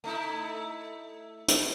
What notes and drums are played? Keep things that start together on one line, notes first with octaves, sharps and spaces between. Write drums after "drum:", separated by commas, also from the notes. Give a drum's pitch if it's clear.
A3 D#4 E4
drum: hi-hat